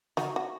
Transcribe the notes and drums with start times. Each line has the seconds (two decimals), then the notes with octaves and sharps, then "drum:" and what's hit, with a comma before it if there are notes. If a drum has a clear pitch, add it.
0.17 D#4 F#4, drum: snare
0.36 F#4